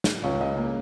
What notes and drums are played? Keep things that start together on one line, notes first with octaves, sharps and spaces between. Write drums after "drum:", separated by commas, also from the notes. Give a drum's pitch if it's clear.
drum: snare
C#2 C#5
C#3 D#5
A#3